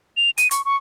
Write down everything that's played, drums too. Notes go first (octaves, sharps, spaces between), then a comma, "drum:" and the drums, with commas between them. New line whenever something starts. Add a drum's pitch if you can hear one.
F7
D#7, drum: hi-hat
C#6, drum: hi-hat
C#6